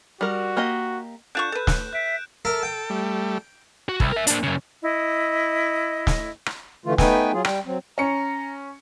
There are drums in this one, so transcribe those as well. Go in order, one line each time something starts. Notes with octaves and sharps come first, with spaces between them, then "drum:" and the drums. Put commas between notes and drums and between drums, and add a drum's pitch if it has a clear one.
G3 F#4 A#4
A#3 G4 D#5
D3 F4 C#6 F#6 G6 E7
A4 B4
F#6, drum: snare
E5 F#6 D7
A4 A#4 E5 A#5
G5
G3 A3
F#4
C2, drum: kick
A#4 E5
A#3 D4, drum: hi-hat
F#2 C#3
E4 D#5
drum: snare
drum: rim click
D3 E3 A3 F4
A3 B3 D#4 B4 G5 G#5, drum: snare
F#3 F4 G#4
G3 G5, drum: rim click
F#3 C4
C#4 A#5 C#7